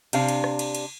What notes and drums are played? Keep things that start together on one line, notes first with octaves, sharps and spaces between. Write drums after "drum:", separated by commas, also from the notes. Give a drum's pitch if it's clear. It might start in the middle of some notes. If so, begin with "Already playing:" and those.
C3 D4 F5, drum: cymbal
drum: cymbal
drum: rim click
drum: cymbal
drum: cymbal